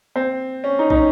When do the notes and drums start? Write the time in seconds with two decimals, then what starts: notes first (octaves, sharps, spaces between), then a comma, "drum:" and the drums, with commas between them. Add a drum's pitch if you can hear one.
0.16 C4
0.64 C#4
0.79 D#4
0.90 D#4, drum: kick
0.95 C#4